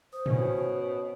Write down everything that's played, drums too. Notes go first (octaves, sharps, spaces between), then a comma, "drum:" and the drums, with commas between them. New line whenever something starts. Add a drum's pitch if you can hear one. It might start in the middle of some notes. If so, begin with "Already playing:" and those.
C5 D#6
B2 C#4, drum: tom G#2